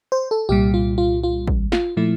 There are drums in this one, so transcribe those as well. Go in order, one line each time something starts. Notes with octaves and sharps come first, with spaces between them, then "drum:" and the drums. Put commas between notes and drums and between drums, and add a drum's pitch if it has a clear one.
C5
A4
C2 A#2 G3 G4
F4
F4
F4
drum: kick
F4, drum: snare
A#2 F3 A3 E4